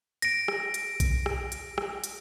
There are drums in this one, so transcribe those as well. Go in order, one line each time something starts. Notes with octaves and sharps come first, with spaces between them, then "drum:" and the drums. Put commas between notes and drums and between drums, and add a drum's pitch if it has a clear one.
A#6 D7, drum: hi-hat
drum: rim click
drum: hi-hat
drum: kick A#1, hi-hat
drum: rim click
drum: hi-hat
drum: rim click
drum: hi-hat